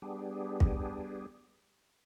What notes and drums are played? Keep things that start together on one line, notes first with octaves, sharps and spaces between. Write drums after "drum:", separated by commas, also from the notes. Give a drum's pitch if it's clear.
G3 B3 D4 G4 G#4
drum: kick